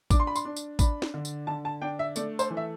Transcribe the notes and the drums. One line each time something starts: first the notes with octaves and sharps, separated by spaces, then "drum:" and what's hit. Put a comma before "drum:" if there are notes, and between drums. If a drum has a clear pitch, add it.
D4 D6, drum: kick, tambourine
C6
B5
C6, drum: tambourine
D4
drum: tambourine
D4 B5, drum: kick, tambourine
drum: snare
D3
drum: tambourine
D3 A5
A5
D4 G5
E5
A3 D5, drum: tambourine
C5, drum: tambourine
E3
E5